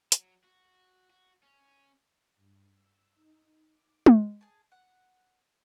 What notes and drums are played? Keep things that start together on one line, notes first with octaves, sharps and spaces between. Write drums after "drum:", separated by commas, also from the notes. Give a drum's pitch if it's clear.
F#3, drum: hi-hat
F#4
F#4
C#4
G2
E6
D#4
D6
drum: tom G#3
G#4 A5
F#5